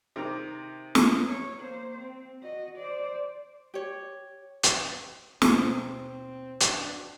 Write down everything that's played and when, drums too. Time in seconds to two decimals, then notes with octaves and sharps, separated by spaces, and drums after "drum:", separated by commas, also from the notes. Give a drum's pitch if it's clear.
0.16 C3 D#3 A#4 A#5 D6
0.95 drum: snare
1.27 C#5
1.58 A#3 C5
1.98 C4
2.42 F#4 D#5
2.77 C5 D5
3.74 G4 C#5
4.63 drum: hi-hat
5.42 D#2 B2 C4, drum: snare
6.60 D4 F#4, drum: hi-hat